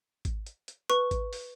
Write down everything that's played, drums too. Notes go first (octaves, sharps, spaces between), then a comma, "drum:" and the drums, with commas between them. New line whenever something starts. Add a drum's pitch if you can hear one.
drum: kick G#1, hi-hat
drum: hi-hat
drum: hi-hat
B4 C#6, drum: hi-hat
drum: kick G#1, hi-hat
drum: open hi-hat